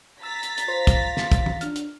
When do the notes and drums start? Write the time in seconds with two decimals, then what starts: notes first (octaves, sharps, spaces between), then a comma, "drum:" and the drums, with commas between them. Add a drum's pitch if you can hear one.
0.23 A#5 E6 A6 B6
0.43 drum: hi-hat
0.58 drum: hi-hat
0.68 F4 C5 C6
0.87 drum: kick, hi-hat
1.17 drum: snare
1.32 drum: kick, hi-hat
1.46 drum: tom
1.61 D4 F6, drum: hi-hat
1.76 drum: hi-hat